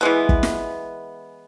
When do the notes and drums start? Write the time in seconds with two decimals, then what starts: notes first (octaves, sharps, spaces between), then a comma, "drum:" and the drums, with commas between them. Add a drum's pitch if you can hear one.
0.01 E3 G#3 B3
0.29 drum: kick
0.43 drum: snare